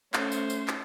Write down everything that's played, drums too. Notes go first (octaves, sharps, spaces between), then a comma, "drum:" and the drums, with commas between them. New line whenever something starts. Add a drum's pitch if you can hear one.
A3 C#4 C5, drum: clap
drum: tambourine
drum: tambourine
drum: clap